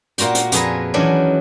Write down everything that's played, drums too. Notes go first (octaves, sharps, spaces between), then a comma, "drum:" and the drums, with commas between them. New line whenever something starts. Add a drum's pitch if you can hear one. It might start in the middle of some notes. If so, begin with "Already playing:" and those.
A#2 A#3 F4 F#4 G5, drum: hi-hat
drum: hi-hat
F2 A#2 G#4 B4 A#5, drum: hi-hat
D#3 E3 F#3 C#4 D4